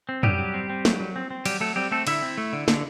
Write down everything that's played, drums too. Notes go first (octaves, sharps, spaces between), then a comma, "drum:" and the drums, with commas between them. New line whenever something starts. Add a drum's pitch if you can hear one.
C4
F#3 G3 G4, drum: tom
F#3
C4
C4
F#3, drum: snare
F#3
C4
C4
F#3 G3 G4, drum: cymbal
F#3 A3 A4
G3 C4 G4
A3 C4 A4
D3 E4 E5, drum: cymbal
C4
A3
D3
D3, drum: snare